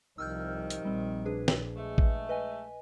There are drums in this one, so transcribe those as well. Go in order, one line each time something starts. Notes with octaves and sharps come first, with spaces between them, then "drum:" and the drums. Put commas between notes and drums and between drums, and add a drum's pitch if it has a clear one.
C2 C3 D#3 F3 E6 F6 G6
drum: hi-hat
A#1 G3 C4
D4 G#4 B4
drum: snare
G#3 A3
drum: kick A1
B4 D#5 G#5